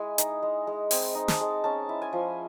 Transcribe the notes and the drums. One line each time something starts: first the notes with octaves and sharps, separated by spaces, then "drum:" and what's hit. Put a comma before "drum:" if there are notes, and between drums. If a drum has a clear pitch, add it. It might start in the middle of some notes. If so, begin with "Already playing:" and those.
Already playing: G#3 E4 G#5
D#4, drum: hi-hat
G#3
G#3
C4 G#5, drum: open hi-hat
D#4
A5, drum: snare
G#3
C#4 A5
E4
G#5
F3